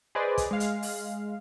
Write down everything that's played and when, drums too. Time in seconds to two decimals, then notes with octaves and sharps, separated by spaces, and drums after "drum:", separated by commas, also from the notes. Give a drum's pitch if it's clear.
0.15 G#4 B4 C5 D5 D#5
0.38 drum: kick, hi-hat
0.51 G#3 F5
0.60 drum: hi-hat
0.83 drum: open hi-hat